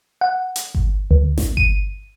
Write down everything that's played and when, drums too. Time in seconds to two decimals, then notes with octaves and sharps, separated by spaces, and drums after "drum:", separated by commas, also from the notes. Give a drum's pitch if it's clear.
0.21 F#5
0.56 drum: hi-hat
0.75 drum: kick G1
1.11 D2
1.38 drum: snare A1
1.57 D#7, drum: kick G1